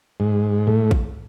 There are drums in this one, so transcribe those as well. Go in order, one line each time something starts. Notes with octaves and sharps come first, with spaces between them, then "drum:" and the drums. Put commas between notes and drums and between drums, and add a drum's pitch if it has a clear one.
G#2
A2
drum: kick